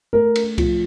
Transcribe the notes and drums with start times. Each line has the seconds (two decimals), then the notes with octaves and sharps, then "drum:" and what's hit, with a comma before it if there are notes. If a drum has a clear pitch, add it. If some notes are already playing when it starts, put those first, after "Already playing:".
0.13 A3 A#4
0.36 drum: cymbal
0.58 F3, drum: kick C2, cymbal